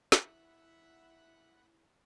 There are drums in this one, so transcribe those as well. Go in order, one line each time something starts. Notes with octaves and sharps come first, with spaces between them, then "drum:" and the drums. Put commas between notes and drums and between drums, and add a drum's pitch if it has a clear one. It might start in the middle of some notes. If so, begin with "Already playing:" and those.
drum: snare
E4 E5 F#5 B5 F#6